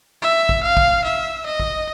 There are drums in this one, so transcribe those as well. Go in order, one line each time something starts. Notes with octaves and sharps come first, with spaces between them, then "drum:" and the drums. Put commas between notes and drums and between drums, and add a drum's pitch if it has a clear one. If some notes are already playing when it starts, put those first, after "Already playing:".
E5
drum: kick
F5
drum: kick
E5
D#5
drum: kick